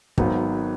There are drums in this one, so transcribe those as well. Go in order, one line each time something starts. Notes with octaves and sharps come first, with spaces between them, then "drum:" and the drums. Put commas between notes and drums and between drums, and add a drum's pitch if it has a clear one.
G#1 G#2 D#3 F#3 B3, drum: kick